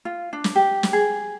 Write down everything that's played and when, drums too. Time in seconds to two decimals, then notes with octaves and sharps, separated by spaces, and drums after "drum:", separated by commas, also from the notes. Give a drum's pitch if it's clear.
0.05 F4
0.33 D4
0.44 drum: snare
0.56 G4
0.83 drum: snare
0.93 G#4